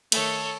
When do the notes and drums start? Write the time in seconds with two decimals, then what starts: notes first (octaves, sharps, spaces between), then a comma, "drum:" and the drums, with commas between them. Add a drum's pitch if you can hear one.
0.12 D#3 A3 A4 C#5, drum: cymbal